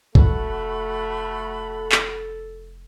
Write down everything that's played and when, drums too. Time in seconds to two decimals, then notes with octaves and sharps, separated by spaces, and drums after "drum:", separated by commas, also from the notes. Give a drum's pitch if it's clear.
0.15 F1 A3 F#4 A4 B5, drum: kick
1.92 drum: clap